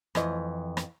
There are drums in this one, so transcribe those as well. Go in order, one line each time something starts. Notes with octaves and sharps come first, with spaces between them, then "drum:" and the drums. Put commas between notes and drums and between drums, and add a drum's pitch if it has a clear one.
F2 E3 D#5, drum: rim click
drum: rim click